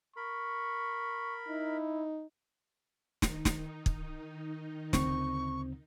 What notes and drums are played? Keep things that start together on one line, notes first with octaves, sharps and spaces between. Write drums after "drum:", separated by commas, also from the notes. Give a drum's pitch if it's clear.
A#4 B5 C#6
D#4 E4
D#3 D#4, drum: snare
drum: snare
drum: kick
D2 C#3 C4 C#6, drum: snare